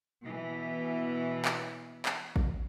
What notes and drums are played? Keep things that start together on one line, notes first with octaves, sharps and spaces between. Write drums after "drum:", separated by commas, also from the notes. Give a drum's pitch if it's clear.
B2 E3
drum: clap
drum: clap
drum: kick A1